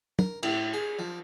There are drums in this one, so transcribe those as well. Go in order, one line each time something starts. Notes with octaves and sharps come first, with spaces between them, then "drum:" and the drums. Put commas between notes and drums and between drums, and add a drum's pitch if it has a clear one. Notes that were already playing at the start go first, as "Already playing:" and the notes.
A#4, drum: tom
A2, drum: cymbal
G#4
F3